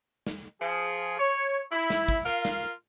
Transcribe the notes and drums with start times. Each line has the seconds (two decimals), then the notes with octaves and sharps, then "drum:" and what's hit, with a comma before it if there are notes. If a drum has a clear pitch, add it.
0.27 drum: snare
0.61 F3 G#4
1.19 C#5
1.72 E4
1.90 drum: snare
2.08 drum: kick
2.25 F4 A#4 F5
2.45 drum: snare